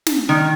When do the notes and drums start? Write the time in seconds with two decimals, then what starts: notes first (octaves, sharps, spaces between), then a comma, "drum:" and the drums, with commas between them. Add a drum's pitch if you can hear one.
0.07 drum: snare
0.29 D#3